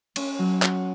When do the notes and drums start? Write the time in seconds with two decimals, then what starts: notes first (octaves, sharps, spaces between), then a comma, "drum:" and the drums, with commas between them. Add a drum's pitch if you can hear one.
0.16 C#4, drum: cymbal
0.39 F#3
0.62 F#4, drum: clap